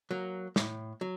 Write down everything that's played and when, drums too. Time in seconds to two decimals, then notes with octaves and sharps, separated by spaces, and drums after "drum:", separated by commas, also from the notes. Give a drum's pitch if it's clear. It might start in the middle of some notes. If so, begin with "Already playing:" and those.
0.11 F#3 A#3
0.56 A2, drum: snare
1.01 F#3